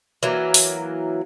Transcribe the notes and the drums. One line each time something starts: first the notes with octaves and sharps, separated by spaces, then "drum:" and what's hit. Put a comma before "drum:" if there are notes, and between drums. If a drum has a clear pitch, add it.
E3 F#3 A#3
drum: open hi-hat